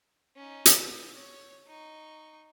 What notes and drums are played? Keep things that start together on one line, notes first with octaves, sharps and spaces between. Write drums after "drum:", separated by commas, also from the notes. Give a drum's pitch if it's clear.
C#4 D#4
drum: hi-hat
B4
C#5
D#4 C#6